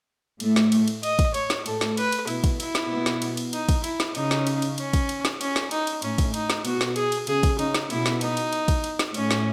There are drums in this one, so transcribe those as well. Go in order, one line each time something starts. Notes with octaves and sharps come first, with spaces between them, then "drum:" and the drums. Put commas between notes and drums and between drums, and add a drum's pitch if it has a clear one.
A2 A3, drum: cymbal
drum: snare
drum: cymbal
drum: cymbal
D#5, drum: cymbal
drum: kick, cymbal
C#5, drum: cymbal
drum: snare
A2 A3 A4, drum: cymbal
drum: snare
B4, drum: cymbal
drum: cymbal
B2 B3 E4, drum: cymbal
drum: kick, cymbal
E4, drum: cymbal
drum: snare
B2 B3
drum: snare
drum: cymbal
drum: cymbal
D#4, drum: cymbal
drum: kick, cymbal
E4, drum: cymbal
drum: snare
C#3 C#4 D#4, drum: cymbal
drum: snare
drum: cymbal
drum: cymbal
C#4, drum: cymbal
drum: kick, cymbal
drum: cymbal
drum: snare
C#4, drum: cymbal
drum: snare
D#4, drum: cymbal
drum: cymbal
A2 A3 C#4, drum: cymbal
drum: kick, cymbal
D#4, drum: cymbal
drum: snare
B2 B3 F#4, drum: cymbal
drum: snare
G#4, drum: cymbal
drum: cymbal
C#3 C#4 G#4, drum: cymbal
drum: kick, cymbal
C#3 C#4 D#4, drum: cymbal
drum: snare
B2 B3 E4, drum: cymbal
drum: snare
D#4, drum: cymbal
drum: cymbal
drum: cymbal
drum: kick, cymbal
drum: cymbal
drum: snare
A2 A3 C#4, drum: cymbal
drum: snare